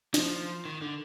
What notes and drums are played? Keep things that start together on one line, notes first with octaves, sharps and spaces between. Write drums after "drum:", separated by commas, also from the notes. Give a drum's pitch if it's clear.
F3, drum: snare
D#3
D3